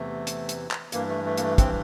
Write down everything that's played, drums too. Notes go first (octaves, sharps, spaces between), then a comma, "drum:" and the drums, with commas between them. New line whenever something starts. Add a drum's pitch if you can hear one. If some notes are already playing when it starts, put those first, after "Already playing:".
Already playing: E2 C3 E3 A3
drum: hi-hat
drum: hi-hat
drum: clap
G2 E3 A#3, drum: hi-hat
A3
A3
A#3, drum: hi-hat
A3
C4, drum: kick, hi-hat